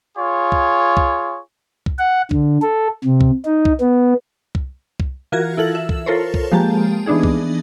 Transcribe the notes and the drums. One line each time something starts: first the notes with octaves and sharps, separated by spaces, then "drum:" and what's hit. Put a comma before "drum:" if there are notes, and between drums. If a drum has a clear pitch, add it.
F4 G#4 C#5
drum: kick C2
drum: kick C2
drum: kick C2
F#5
D3, drum: kick C2
A4
C3
drum: kick C2
D#4
drum: kick C2
B3
drum: kick C2
drum: kick C2
E3 F4 F#4 A#4 G#6 A#6
E4 F4 A4 F#7
E5
drum: kick C2
F4 A4 A#4 C5 C#5
drum: kick C2
F3 G#3 A#3 G4 A5
E3 B3 D4 D#4 G#4
drum: kick C2